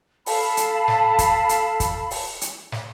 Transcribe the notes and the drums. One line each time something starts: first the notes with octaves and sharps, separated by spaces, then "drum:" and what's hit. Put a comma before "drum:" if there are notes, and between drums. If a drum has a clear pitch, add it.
A4 F5 A5 B5, drum: open hi-hat
drum: hi-hat
drum: snare
drum: kick, hi-hat
drum: hi-hat
drum: kick, hi-hat
drum: open hi-hat
drum: hi-hat
drum: snare